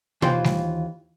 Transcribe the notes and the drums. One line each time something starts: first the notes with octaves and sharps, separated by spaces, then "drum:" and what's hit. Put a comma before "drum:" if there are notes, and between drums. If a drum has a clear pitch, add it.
D#2 E3 F4 C5 G5, drum: tom B2
drum: snare G3